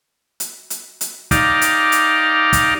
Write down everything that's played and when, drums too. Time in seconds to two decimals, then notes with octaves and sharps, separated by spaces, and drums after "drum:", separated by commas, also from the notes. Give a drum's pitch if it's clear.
0.40 drum: hi-hat
0.70 drum: hi-hat
1.01 drum: hi-hat
1.31 D#4 G4 D5 F5, drum: kick, hi-hat
1.61 drum: hi-hat
1.92 drum: hi-hat
2.53 drum: kick, hi-hat